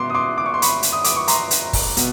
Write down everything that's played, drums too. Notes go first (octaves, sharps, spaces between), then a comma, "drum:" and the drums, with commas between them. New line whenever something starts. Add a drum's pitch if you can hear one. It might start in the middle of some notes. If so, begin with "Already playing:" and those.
Already playing: B2 C6 D6
D#6
C6 D6
D6
C#6
C6
B5 C#6, drum: hi-hat
drum: hi-hat
D#6
D6, drum: hi-hat
C#6
A#5 C6, drum: hi-hat
drum: hi-hat
drum: kick, open hi-hat
B2, drum: hi-hat